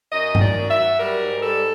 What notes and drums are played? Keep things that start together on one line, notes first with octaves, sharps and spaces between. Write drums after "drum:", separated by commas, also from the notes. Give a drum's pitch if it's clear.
F#2 D#5
D#3, drum: tom G2
D5
F#3
E5
F#3
G3 A#4
G#2
G3 A4